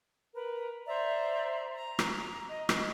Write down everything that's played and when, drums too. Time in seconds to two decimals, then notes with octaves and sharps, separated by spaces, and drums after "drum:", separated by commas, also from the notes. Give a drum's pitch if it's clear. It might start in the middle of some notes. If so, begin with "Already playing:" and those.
0.35 A#4 B4
0.86 C5 D5 E5 A#5
1.75 A#5
1.99 drum: rim click
2.48 D#5
2.69 drum: rim click